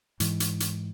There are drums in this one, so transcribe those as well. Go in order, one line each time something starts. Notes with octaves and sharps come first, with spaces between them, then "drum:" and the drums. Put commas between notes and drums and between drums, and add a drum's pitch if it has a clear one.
G#2 E3, drum: hi-hat
drum: hi-hat
drum: hi-hat